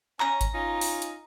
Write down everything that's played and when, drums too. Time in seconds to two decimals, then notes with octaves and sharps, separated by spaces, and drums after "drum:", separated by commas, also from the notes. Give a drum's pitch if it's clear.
0.20 C#4 A#5, drum: clap
0.41 drum: kick G#1, hi-hat
0.53 C#4 D#4 F4
0.81 drum: open hi-hat
1.02 drum: hi-hat